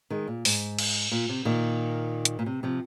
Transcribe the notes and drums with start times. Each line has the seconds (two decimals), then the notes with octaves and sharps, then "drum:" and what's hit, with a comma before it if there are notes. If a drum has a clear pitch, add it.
0.10 D#3 G#3
0.27 A#2
0.45 G#2, drum: open hi-hat
0.79 drum: cymbal
1.11 A#2
1.29 C3
1.45 A#2 D#3
2.25 drum: hi-hat
2.39 A#2
2.46 C3
2.63 C3 F3